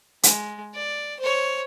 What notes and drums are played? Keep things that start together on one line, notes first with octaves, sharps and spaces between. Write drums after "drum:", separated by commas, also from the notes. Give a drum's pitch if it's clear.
G#3, drum: hi-hat
D5
C5 C#5